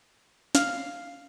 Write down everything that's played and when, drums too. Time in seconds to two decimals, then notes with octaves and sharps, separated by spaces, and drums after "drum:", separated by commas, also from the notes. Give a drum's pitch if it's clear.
0.55 F5, drum: snare